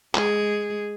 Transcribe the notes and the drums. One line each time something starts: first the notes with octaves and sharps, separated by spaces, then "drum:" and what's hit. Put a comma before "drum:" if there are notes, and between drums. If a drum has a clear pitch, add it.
G#3 G#4, drum: clap